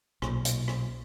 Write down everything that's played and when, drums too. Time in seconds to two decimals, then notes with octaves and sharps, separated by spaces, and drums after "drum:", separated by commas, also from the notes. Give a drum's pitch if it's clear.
0.22 B1 A#2, drum: rim click
0.45 drum: hi-hat
0.68 drum: rim click